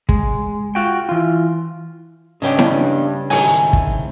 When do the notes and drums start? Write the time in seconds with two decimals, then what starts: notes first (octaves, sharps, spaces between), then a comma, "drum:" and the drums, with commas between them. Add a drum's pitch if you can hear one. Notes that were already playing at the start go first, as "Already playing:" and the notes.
0.09 G#3, drum: kick
0.75 F4 F#4 G5
1.09 E3 F4
2.42 D2 G2 C#3 C#4 D4 G4 D#5
2.59 drum: snare E4
3.30 A2 D#3 G#3 C4 G#5, drum: open hi-hat
3.73 drum: kick